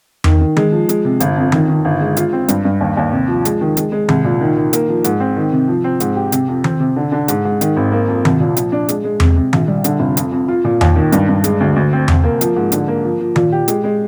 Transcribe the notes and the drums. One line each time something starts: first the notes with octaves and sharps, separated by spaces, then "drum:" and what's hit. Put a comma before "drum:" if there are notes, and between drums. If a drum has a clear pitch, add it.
D#3, drum: tom E2
D#3
G#3, drum: tom D#3
F3
G#3, drum: hi-hat
C3
G1, drum: hi-hat
F2
D#3, drum: tom D#3
D#3
G1
G#3
F4, drum: hi-hat
C4
G2, drum: hi-hat
G2
D#2
D#2
C3
F3
G#3, drum: hi-hat
D#3
G#3, drum: hi-hat
G#3
C2, drum: tom D#3
A#2
D#3
D#3
A#3, drum: hi-hat
F3
G#2, drum: hi-hat
C4
D#3
C3
F3
C4
G#2, drum: hi-hat
G4
C3, drum: hi-hat
F2
C4, drum: tom D#3
C3
D3
D3
G#2, drum: hi-hat
G#2
D#3, drum: hi-hat
G#1
A#3
F2
C2, drum: tom D#3
A#2
F3, drum: hi-hat
D4
G#3, drum: hi-hat
G#3
C3, drum: tom E2
C3
A#1, drum: tom D#3
G3
D3, drum: hi-hat
F1
F2, drum: hi-hat
F2
F4
A#2
D#2, drum: tom E2
D#3
G2, drum: hi-hat
G2
G#3, drum: hi-hat
D2
D2
C4
C2, drum: tom E2
A#3
F3, drum: hi-hat
G#2
D3, drum: hi-hat
A#3
F3
F3
A#2, drum: tom D#3
G4
G#3, drum: hi-hat
G#3